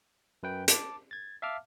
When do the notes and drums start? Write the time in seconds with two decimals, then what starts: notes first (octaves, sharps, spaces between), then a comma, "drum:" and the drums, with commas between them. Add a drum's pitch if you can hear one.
0.43 F#2 B4 G5
0.68 A5 D6, drum: hi-hat
1.11 G#6 A6
1.42 E5 F5 A5 D6 F6